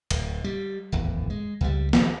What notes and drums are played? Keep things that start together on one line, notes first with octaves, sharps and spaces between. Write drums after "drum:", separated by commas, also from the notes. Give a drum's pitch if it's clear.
D1, drum: cymbal
G3
D1 G#1 E2
G#3
C#2 G3
D#3 F3 G3 B3, drum: snare